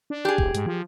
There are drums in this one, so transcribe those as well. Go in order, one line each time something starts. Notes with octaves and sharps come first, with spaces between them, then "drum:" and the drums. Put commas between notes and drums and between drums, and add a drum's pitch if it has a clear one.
D4
G4 G#4
D#1, drum: kick
G#2, drum: hi-hat
F3